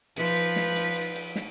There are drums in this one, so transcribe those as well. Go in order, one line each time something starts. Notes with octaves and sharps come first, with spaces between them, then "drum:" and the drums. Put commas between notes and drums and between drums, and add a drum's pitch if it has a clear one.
F3 B4, drum: cymbal
drum: cymbal
drum: snare
drum: cymbal
drum: cymbal
drum: cymbal
drum: snare